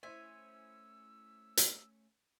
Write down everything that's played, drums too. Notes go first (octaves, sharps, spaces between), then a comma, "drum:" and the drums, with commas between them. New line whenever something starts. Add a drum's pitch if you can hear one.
A3 C#4 E4 C5 E5 G#5 E6
drum: hi-hat